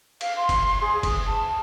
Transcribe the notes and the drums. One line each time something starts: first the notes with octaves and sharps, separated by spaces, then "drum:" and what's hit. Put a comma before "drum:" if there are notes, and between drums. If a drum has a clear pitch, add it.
F5, drum: cymbal
C6
drum: kick F#1, cymbal
G#4
D#6, drum: kick F#1, cymbal
A5